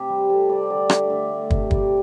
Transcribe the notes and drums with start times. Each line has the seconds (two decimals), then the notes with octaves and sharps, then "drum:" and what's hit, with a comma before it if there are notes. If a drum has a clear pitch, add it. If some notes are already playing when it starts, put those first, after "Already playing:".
Already playing: C3 G4
0.10 G3
0.29 C3 A4
0.50 G3 D5
0.70 D3 D5
0.90 A3 E5, drum: rim click
1.10 D3 E5
1.30 A3
1.50 C3 E5, drum: kick
1.71 G3 D5, drum: kick